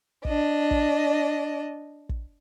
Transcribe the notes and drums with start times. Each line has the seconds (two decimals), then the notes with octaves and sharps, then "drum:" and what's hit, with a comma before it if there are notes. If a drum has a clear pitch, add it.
0.25 D4 D#5, drum: kick
0.71 drum: kick
2.09 drum: kick